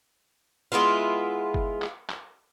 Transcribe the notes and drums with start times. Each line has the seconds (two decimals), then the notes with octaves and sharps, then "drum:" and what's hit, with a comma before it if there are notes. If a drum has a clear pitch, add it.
0.72 G#3 B3 E4 F4
1.54 drum: kick F#1
1.82 drum: clap
2.09 drum: clap